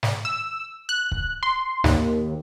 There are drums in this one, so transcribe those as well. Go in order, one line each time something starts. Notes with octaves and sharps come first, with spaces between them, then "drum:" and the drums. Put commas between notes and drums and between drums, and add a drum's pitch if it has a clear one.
drum: snare
E6
F#6
drum: kick
C6
D#2, drum: snare